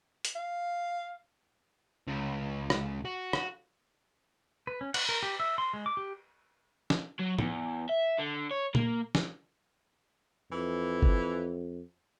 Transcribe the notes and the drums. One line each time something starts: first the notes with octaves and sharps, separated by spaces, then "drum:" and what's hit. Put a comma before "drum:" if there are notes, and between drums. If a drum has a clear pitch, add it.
drum: hi-hat
F5
C#2 C#3
drum: rim click
F#4
drum: rim click
B4
C#4
F#5, drum: cymbal
A#4
G4
E5
C6
G#3
D6
G4
drum: snare
F#3
E2, drum: tom A2
E5
D3
C#5
A#3, drum: tom A#2
drum: snare
F2 E3
drum: kick G1